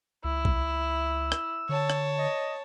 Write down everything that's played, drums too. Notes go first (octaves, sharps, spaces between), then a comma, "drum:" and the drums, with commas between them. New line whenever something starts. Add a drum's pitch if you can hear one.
C#2 E4 E6
drum: kick B1
drum: rim click
D3 C#5 A5
drum: rim click
D#5